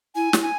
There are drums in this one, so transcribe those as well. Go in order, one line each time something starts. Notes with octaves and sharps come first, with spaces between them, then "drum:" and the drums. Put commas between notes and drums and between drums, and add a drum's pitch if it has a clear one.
E4 G#5
E4, drum: snare
G#5